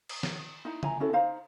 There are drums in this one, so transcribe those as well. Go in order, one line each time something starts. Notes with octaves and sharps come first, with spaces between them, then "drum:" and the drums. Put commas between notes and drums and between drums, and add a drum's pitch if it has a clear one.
drum: cymbal
drum: snare
D#4 E4 A#5
E5 G#5 A#5, drum: tom
C#4 E4 F#4 A4
D#4 C5 F5 A#5